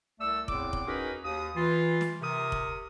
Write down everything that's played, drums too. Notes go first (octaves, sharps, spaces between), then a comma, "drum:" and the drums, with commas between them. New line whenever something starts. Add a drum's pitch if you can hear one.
C2 A3 D5 E6
E2 A2 C4 D6, drum: kick F1
drum: kick F1
C#4 D#4 F#4 G#4 A#4 B4
D#2 D#6
E3 F4
drum: snare
C3 A#4 D#6
drum: kick F1